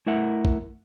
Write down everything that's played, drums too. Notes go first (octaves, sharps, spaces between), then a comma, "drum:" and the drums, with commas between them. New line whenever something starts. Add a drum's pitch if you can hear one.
A3 E4 A#4 E5 F#5
drum: kick